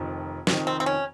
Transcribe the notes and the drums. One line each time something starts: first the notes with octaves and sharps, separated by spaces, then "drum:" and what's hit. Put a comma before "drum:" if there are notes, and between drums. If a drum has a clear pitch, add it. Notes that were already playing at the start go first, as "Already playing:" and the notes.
Already playing: F1 F2 D#3
F1 F2 D#3, drum: snare
C4
C4
C#4